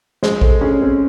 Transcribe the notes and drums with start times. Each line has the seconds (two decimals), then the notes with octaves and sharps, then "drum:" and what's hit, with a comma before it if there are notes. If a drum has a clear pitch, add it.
0.23 G#3 C5, drum: snare
0.41 A4, drum: kick G#1
0.61 C#4 G#4
0.82 C4